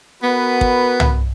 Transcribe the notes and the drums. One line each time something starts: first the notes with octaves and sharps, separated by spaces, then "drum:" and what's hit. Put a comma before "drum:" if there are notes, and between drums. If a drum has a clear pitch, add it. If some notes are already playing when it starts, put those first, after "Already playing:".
B3 F#4 A#4 B4
drum: kick
drum: tom C2